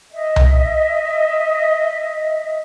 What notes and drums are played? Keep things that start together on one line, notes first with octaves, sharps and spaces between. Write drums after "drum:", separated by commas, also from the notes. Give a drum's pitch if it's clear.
D#5 E5
drum: tom C2